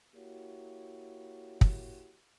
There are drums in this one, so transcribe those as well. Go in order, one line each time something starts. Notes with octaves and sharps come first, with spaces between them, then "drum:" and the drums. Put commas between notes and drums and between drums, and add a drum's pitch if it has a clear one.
A#3 E4 F#4 G4 C#5
drum: kick